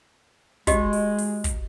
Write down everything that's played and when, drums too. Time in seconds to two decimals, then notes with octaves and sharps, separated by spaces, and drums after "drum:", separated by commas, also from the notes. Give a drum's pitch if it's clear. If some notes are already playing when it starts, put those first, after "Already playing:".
0.67 G#3 F#4 G4 D#5, drum: kick, hi-hat
0.93 drum: open hi-hat
1.18 drum: open hi-hat
1.44 drum: kick, hi-hat